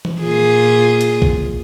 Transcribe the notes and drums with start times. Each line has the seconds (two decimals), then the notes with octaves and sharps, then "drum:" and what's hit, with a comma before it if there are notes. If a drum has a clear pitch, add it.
0.05 drum: tom E3
0.22 A#2 F4 G#4
1.01 drum: hi-hat
1.22 drum: kick B1